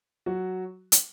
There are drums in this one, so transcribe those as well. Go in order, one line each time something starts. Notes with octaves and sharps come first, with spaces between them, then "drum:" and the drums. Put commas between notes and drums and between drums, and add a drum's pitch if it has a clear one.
F#3 F#4
drum: hi-hat